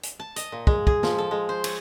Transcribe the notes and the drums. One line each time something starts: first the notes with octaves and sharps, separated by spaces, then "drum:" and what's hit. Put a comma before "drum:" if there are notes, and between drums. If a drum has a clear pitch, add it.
drum: hi-hat
A5
D#5, drum: hi-hat
A#2
G#3, drum: kick
G#4, drum: kick
F3, drum: snare
A4
G#3
C5
C#5, drum: cymbal